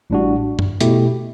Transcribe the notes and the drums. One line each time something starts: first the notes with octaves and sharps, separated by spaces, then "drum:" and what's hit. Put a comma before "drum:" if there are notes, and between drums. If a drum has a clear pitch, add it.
A1 A2 G3 D4 F#4
drum: tom
B2 A3 E4 G4, drum: hi-hat